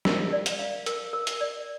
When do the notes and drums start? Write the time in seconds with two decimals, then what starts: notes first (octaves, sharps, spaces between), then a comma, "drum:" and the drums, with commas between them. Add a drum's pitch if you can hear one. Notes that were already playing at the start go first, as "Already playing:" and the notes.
0.05 A#4, drum: snare
0.33 D5
0.46 drum: hi-hat
0.59 F5
0.86 A#4, drum: hi-hat
1.13 A#4
1.27 drum: hi-hat
1.41 D5